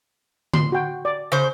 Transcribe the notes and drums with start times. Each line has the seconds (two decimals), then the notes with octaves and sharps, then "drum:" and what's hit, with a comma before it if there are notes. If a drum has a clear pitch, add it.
0.54 C6, drum: tom D3
0.72 F#4 G5
1.05 D5
1.32 C#3 C5